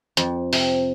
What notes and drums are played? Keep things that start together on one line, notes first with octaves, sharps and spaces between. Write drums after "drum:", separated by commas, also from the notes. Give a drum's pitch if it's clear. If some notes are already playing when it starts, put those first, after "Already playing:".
F2, drum: hi-hat
C3, drum: open hi-hat